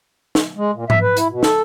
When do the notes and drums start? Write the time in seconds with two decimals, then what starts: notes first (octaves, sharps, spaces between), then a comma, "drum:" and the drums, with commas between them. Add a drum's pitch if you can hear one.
0.35 drum: snare
0.56 G#3
0.74 A#2
0.90 E5, drum: tom G#2
1.02 B4
1.17 E4, drum: hi-hat
1.30 B2
1.43 A4, drum: snare